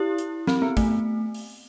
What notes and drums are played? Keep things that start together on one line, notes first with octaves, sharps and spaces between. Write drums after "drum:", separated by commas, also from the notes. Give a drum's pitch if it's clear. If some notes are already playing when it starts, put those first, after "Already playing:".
Already playing: E4 G4
drum: hi-hat
C4, drum: snare
B3
A3, drum: kick, hi-hat
drum: open hi-hat